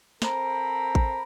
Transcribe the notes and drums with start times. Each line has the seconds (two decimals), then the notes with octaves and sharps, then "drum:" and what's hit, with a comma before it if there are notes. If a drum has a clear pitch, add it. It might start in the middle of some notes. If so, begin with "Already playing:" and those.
0.22 C4 A4 A#4 C5 B5, drum: snare
0.95 drum: kick A1